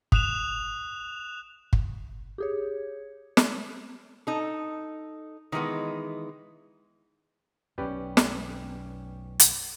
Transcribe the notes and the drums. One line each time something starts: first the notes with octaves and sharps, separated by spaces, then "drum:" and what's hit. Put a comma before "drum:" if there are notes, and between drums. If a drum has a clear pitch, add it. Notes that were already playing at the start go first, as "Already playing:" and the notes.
D#6 F#6 E7 F7, drum: kick
drum: kick
G4 G#4 C#5
drum: snare
D#4 A4
D#3 E3 G#3 B3
B1 F#2 C#4 G4 B4 D5 G5
drum: snare
drum: hi-hat